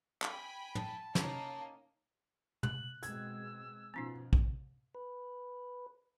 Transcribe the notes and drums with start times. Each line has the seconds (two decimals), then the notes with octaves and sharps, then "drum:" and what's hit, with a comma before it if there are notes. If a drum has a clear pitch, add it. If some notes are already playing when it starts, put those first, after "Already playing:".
0.22 G5 G#5 B5, drum: clap
0.75 A5, drum: tom
1.15 A#3 C#4 D#4, drum: snare
2.63 F#6 F#7, drum: tom
3.03 B2 G#3 C4 E6 G#6, drum: hi-hat
3.94 B2 F3 B3 C#4 D#4
4.33 drum: kick
4.95 B4